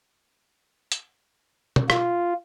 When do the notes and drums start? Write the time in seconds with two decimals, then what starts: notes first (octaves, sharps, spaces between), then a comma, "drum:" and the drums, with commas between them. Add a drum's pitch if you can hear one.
0.92 drum: hi-hat
1.76 drum: tom B2
1.90 F4, drum: rim click